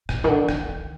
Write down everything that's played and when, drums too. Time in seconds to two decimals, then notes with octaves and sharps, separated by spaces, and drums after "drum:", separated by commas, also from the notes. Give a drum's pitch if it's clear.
0.09 A#2, drum: rim click
0.24 D#3
0.29 D3
0.49 D3, drum: rim click
0.69 D#3